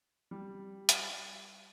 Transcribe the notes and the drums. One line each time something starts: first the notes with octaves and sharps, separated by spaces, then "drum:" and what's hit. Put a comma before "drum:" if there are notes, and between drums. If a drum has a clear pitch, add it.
G3
drum: hi-hat